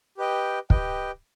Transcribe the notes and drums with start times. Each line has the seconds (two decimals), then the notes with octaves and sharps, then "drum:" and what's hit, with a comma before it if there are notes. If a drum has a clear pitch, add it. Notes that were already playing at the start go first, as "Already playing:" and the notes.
0.17 G4 B4 D#5 G5
0.70 G4 B4 D#5 G5, drum: kick